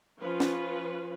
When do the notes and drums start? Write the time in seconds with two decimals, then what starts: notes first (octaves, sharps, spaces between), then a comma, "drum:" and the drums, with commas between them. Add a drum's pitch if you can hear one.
0.21 F3 C#4 F4 B4
0.40 drum: snare